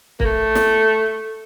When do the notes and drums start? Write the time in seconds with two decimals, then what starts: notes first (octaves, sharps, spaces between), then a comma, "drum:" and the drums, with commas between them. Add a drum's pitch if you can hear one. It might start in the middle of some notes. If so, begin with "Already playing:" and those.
0.20 A#3, drum: kick
0.25 A3
0.55 drum: snare